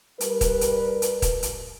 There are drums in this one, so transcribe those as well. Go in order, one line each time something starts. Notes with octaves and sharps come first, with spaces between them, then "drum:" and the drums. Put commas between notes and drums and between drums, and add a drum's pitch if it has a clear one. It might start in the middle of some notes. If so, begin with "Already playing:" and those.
G3 A#4 B4, drum: hi-hat
drum: kick, hi-hat
drum: hi-hat
drum: hi-hat
drum: kick, hi-hat
drum: hi-hat